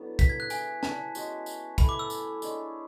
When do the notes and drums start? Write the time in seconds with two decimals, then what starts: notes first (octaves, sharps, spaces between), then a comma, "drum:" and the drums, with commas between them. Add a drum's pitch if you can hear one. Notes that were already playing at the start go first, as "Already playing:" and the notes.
Already playing: F#3 B3 D4 E4 A4 D5
0.19 B6, drum: kick, tambourine
0.29 G#6
0.40 F#6
0.50 E4 G#4 C#5 E5 G#5, drum: tambourine
0.83 A5, drum: snare
1.15 G#3 C#4 F#4, drum: tambourine
1.46 drum: tambourine
1.78 A3 E4 A4 B5, drum: kick, tambourine
1.89 D6
1.99 E6
2.10 drum: tambourine
2.42 G#3 D4 G#4 C#5, drum: tambourine